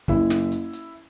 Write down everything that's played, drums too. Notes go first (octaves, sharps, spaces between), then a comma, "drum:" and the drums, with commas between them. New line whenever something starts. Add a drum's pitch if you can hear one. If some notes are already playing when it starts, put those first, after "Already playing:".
F#1 E4, drum: kick
drum: snare
drum: hi-hat
drum: hi-hat